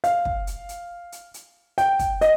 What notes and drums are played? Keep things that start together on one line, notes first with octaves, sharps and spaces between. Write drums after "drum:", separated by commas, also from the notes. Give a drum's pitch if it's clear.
F5, drum: hi-hat
drum: kick
drum: hi-hat
drum: hi-hat
drum: hi-hat
drum: hi-hat
G5, drum: hi-hat
drum: kick, hi-hat
D#5, drum: hi-hat